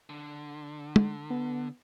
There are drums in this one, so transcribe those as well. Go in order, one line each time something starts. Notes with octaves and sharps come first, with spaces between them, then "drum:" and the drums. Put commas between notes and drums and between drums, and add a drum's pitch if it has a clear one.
D3
drum: tom
B3